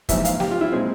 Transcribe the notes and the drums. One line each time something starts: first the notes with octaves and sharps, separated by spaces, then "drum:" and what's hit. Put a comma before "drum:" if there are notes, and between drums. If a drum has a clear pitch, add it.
A#1 G#2 E3 E5, drum: kick, hi-hat
F5, drum: hi-hat
G4, drum: snare
F4
E4
A#2 G#3 C4 G#4